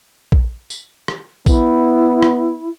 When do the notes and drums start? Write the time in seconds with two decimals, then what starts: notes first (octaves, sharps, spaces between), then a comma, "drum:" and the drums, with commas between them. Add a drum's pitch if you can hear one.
0.32 drum: kick A#1
0.70 drum: tambourine
1.08 drum: rim click
1.46 B3 E4, drum: kick A#1, tambourine
2.22 drum: rim click